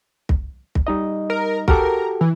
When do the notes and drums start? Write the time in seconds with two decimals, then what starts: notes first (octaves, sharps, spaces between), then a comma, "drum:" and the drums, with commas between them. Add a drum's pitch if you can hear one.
0.29 drum: kick
0.75 drum: kick
0.87 G3 D#4 D#5
1.30 A#4
1.68 F#4 G4 A4 A#4, drum: kick
2.21 E3